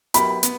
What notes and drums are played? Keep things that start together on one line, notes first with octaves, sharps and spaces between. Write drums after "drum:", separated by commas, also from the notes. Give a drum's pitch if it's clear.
F#3 B3 E4 G4 A#4 B5, drum: hi-hat
B3, drum: hi-hat